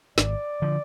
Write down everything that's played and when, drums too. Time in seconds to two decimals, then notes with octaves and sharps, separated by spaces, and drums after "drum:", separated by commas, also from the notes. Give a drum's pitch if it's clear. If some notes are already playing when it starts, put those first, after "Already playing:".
0.18 G#1 D5, drum: snare
0.62 D3 F3